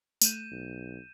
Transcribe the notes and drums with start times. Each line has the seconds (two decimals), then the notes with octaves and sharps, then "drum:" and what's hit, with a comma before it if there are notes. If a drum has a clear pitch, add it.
0.21 A3 F#6 G6 D#7 E7, drum: tambourine
0.51 B1